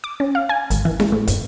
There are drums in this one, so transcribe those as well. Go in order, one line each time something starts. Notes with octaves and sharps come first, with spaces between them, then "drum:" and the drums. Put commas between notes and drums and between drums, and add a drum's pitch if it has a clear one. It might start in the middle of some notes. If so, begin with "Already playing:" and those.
D6
C#4
F5
G#5
G#1, drum: hi-hat
E3
G#3, drum: snare E4
A2
G1, drum: kick, hi-hat